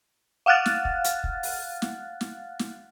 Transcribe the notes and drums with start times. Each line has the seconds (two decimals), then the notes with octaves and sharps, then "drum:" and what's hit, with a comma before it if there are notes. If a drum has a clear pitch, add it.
0.46 F5 F#5 F6 F#6 A6
0.66 drum: snare
0.85 drum: kick
1.04 drum: hi-hat
1.24 drum: kick
1.43 drum: open hi-hat
1.82 drum: snare
2.21 drum: snare
2.59 drum: snare